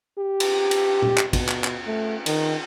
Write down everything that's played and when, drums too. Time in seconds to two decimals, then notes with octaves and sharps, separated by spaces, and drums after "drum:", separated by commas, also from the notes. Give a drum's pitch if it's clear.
0.18 G4
0.40 drum: cymbal
0.71 drum: cymbal
1.02 drum: tom A#2
1.18 drum: clap
1.33 B2, drum: kick, cymbal
1.49 drum: clap
1.64 drum: clap
1.87 A3
2.26 D#3, drum: cymbal